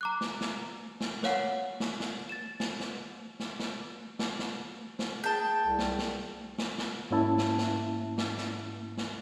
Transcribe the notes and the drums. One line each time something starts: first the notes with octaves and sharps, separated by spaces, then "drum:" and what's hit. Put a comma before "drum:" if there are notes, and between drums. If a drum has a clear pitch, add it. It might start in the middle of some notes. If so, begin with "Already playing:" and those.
A#5 D6 F#6
drum: snare
drum: snare
drum: snare
A#4 C#5 F5 F#5, drum: snare
drum: snare
drum: snare
A6 E7
drum: snare
drum: snare
drum: snare
drum: snare
drum: snare
drum: snare
drum: snare
G#4 G5 A5
C2
drum: snare
drum: snare
drum: snare
drum: snare
G#2 A#3 C#4 E4 E5 A5
drum: snare
drum: snare
drum: snare
drum: snare
drum: snare